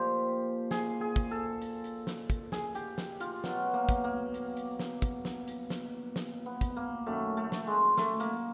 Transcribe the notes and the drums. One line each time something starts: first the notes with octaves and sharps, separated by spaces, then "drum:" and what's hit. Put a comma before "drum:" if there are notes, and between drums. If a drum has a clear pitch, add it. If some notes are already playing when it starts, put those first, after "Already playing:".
Already playing: A#2 F3 G4
G#4, drum: snare
G#4
drum: kick, hi-hat
A4
drum: hi-hat
drum: hi-hat
drum: snare
drum: kick, hi-hat
G#4, drum: snare
G4, drum: hi-hat
drum: snare
F4, drum: hi-hat
B2 F#3, drum: snare
A#3
drum: kick, hi-hat
A#3
drum: hi-hat
drum: hi-hat
drum: snare
drum: kick, hi-hat
drum: snare
drum: hi-hat
drum: snare
drum: snare
B3
drum: kick, hi-hat
A#3
F#2 D#3 F#3 A3
A3
drum: snare
G#3
A3, drum: snare
A#3, drum: hi-hat